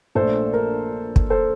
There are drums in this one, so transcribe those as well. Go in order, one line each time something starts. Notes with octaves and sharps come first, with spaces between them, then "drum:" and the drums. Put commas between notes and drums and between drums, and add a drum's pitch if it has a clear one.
A#1 A#2 A3 D4 A4 C5
A#4
drum: kick
A4 C5